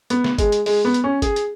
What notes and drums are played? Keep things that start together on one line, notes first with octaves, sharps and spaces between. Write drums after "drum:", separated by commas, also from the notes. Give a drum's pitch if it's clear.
B3, drum: hi-hat
drum: snare
G#3, drum: kick G1, hi-hat
drum: hi-hat
G#3, drum: open hi-hat
B3
drum: hi-hat
C#4
G#4, drum: kick G1, hi-hat
drum: hi-hat